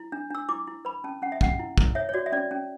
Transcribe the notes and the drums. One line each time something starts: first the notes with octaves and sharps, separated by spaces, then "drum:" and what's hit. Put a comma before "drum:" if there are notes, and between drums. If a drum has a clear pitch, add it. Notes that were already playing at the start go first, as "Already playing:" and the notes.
Already playing: E4
D4
D4 E6
E4 D6
E4
B4 B5
C#4 A5
C#4 F#5
E5
C#4 F#5, drum: kick
E4
E4, drum: kick
C#5 E5
C#5
F#4 D5
E5
C#4 D5
C#4